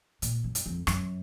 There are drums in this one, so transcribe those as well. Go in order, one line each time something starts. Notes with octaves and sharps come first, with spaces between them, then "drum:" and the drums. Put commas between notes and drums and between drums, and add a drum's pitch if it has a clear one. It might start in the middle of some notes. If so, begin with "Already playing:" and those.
A#2, drum: hi-hat
F#2
drum: hi-hat
F2
F#2, drum: rim click